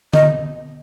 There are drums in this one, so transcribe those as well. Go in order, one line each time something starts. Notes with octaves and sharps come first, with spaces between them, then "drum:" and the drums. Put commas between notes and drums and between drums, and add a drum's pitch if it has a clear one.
D#5, drum: tom D3